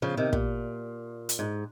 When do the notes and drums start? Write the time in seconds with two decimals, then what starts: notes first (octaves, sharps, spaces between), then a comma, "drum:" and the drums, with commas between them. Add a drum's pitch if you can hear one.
0.02 C#3 F3
0.17 C3 D#3
0.33 A#2, drum: kick
1.29 drum: hi-hat
1.39 G#2